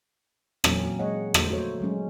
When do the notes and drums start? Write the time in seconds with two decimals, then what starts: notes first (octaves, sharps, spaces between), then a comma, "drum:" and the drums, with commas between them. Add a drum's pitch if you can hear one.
0.64 A#2 E3 F#3 A#3 C4 C#4, drum: rim click
0.99 G#3 G#4 C#5 D#5 F#5
1.34 D3 F3 A#3 C5, drum: rim click
1.49 A3 F#4 A4 C5 C#5
1.80 F#3 G#3 C#4